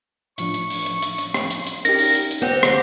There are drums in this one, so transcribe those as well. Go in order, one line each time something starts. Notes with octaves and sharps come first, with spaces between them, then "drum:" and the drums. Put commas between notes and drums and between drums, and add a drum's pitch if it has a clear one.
A2 F3 D4 C#6, drum: hi-hat
drum: hi-hat
drum: open hi-hat
drum: hi-hat
drum: hi-hat
drum: hi-hat
drum: rim click
drum: hi-hat
drum: hi-hat
C#4 D#4 G4 A#4 A#6, drum: hi-hat
drum: open hi-hat
drum: hi-hat
drum: hi-hat
D2 C4 G4 F#5
drum: rim click